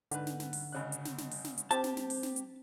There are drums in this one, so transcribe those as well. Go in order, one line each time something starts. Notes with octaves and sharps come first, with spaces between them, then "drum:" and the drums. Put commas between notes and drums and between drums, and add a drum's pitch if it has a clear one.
G#2 D3 B4 F#5, drum: hi-hat
drum: snare
drum: snare
drum: open hi-hat
G#1 C#3 F#6
drum: hi-hat
drum: snare
drum: snare
drum: open hi-hat
drum: snare
drum: hi-hat
C4 G4 C5 A5, drum: hi-hat
drum: snare
drum: snare
drum: open hi-hat
drum: snare
drum: hi-hat